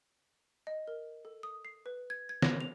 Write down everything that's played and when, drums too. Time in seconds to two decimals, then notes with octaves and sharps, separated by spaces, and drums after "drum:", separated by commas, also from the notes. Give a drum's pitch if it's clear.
0.67 D#5
0.88 A#4
1.25 A4
1.43 D#6
1.65 C7
1.86 B4
2.10 G#6
2.29 G#6
2.42 A#6, drum: snare
2.61 F7